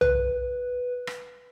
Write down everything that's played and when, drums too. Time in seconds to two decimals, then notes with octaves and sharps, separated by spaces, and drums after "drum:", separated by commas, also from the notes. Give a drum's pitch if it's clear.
0.01 B4, drum: tom
1.07 drum: rim click